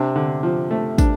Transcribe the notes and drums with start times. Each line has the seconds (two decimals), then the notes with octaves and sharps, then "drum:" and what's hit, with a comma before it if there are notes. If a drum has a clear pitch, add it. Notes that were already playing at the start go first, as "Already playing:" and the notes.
Already playing: C3 D4
0.16 D3
0.43 F3
0.71 A3
0.98 D4, drum: kick, tambourine